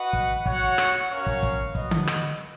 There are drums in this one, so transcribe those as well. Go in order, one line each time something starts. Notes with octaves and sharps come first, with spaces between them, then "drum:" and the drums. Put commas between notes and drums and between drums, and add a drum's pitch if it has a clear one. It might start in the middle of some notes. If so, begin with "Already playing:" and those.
Already playing: F#4 B4 D#5 F#5
drum: kick
F#4 C#5 F#5, drum: kick
drum: rim click
C#4 F#4 A#4 C#5 F5
drum: kick
drum: kick
F#4 B4 D#5, drum: kick
drum: tom D3
drum: rim click